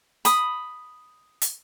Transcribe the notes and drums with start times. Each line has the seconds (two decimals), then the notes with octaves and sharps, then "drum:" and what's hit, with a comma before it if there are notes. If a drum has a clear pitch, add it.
0.25 B5 D#6, drum: hi-hat
1.42 drum: hi-hat